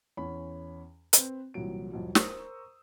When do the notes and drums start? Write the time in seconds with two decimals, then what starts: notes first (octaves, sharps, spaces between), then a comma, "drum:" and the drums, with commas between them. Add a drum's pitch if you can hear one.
0.17 E2 C#4 B5
1.13 C4 B4, drum: hi-hat
1.54 C2 A#2 E3 F#3 D7
1.92 C2 F2 F#3
2.15 A#4 C5 A#5 C#6 D#6 E6, drum: snare